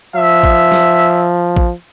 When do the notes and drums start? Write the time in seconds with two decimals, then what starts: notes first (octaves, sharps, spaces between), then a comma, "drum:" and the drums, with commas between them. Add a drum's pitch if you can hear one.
0.15 F3 E5
0.43 drum: kick A1
0.72 drum: snare
1.57 drum: kick A1